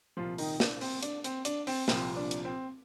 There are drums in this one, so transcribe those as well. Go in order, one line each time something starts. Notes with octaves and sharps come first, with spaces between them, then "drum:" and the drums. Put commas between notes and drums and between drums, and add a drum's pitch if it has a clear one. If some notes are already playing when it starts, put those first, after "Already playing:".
C2 A#2 F3 F4
D#3 D#4, drum: open hi-hat
D4, drum: snare
C4, drum: open hi-hat
D4, drum: hi-hat
C4, drum: hi-hat
D4, drum: hi-hat
C4, drum: open hi-hat
C2 A#2 F3 C4, drum: snare
D4
drum: hi-hat
C4